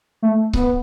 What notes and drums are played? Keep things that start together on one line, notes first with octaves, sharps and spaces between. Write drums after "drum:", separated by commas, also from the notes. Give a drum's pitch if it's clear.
A3
B3, drum: kick C#1